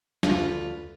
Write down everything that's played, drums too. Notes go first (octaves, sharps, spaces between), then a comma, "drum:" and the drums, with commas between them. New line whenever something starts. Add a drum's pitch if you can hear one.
D2 F4 B4, drum: snare